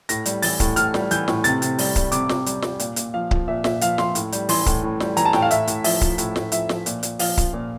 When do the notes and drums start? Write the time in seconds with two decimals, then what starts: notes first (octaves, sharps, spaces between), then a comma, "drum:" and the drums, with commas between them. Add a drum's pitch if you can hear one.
0.09 A2 A#6, drum: hi-hat
0.26 G3, drum: hi-hat
0.42 E3 A6, drum: open hi-hat
0.60 A2, drum: kick C#1, hi-hat
0.76 A2 F6, drum: hi-hat
0.94 G3, drum: snare
1.11 E3 G6, drum: hi-hat
1.28 A2, drum: snare
1.44 C3 A6, drum: hi-hat
1.62 C3, drum: hi-hat
1.79 G3, drum: open hi-hat
1.96 G3, drum: kick C#1, hi-hat
2.12 C3 D6, drum: hi-hat
2.29 C3, drum: snare
2.46 G3, drum: hi-hat
2.62 G3, drum: snare
2.79 A#2, drum: hi-hat
2.96 A#2, drum: hi-hat
3.14 F3 F5
3.31 F3, drum: kick C#1
3.48 A#2 E5
3.64 A#2 E5, drum: snare
3.81 F3 F5, drum: hi-hat
3.98 F3 C6, drum: snare
4.15 A2, drum: hi-hat
4.32 G3, drum: hi-hat
4.49 E3 C6, drum: open hi-hat
4.66 A2, drum: kick C#1, hi-hat
4.83 A2
5.00 G3, drum: snare
5.17 E3 A#5, drum: hi-hat
5.25 A5
5.33 A2 G5, drum: snare
5.42 F5
5.51 A2 E5, drum: hi-hat
5.67 A2, drum: hi-hat
5.84 F3 E5, drum: open hi-hat
6.01 F3, drum: kick C#1, hi-hat
6.18 A2, drum: hi-hat
6.36 A2, drum: snare
6.52 F3 E5, drum: hi-hat
6.69 F3, drum: snare
6.86 A#2, drum: hi-hat
7.03 A#2, drum: hi-hat
7.19 F3 F5, drum: open hi-hat
7.37 F3, drum: kick C#1, hi-hat
7.53 A#2